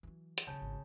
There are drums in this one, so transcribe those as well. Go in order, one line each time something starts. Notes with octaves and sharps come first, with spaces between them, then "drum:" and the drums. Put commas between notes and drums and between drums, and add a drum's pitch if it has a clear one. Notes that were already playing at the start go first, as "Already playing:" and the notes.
E3 F#3
drum: hi-hat
B1 C#3 F#3 A5 G6
G#1